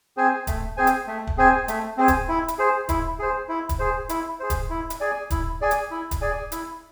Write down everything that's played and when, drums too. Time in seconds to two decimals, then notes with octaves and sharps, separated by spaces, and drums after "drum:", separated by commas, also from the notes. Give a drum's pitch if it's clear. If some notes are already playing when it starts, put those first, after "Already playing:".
0.17 C4 G#4 C5 G#5
0.47 A3, drum: kick, hi-hat
0.77 C4 G#4 C5 G#5
0.87 drum: hi-hat
1.07 A3
1.27 drum: kick
1.38 C4 G#4 C5 G#5
1.68 A3, drum: hi-hat
1.97 C4 G#4 C5 G#5
2.08 drum: kick, hi-hat
2.28 E4
2.48 drum: hi-hat
2.59 G#4 C5
2.89 E4, drum: kick, hi-hat
3.19 G#4 C5
3.49 E4
3.69 drum: kick, hi-hat
3.79 G#4 C5
4.09 E4, drum: hi-hat
4.40 G#4 C5
4.50 drum: kick, hi-hat
4.70 E4
4.90 drum: hi-hat
5.00 G#4 D5 G#5
5.30 E4, drum: kick, hi-hat
5.61 G#4 D5 G#5
5.71 drum: hi-hat
5.91 E4
6.11 drum: kick, hi-hat
6.21 G#4 D5 G#5
6.52 E4, drum: hi-hat